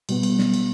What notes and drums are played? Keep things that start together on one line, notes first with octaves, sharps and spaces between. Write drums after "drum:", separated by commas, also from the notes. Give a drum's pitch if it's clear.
B2 G3 B3, drum: cymbal
drum: cymbal
drum: snare
drum: cymbal